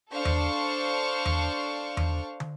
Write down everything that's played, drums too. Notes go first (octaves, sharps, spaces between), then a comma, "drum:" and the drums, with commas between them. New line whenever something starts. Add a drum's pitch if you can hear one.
D4 A4 C5 F5 C#6
drum: tom E2
drum: tom E2
drum: tom E2
drum: tom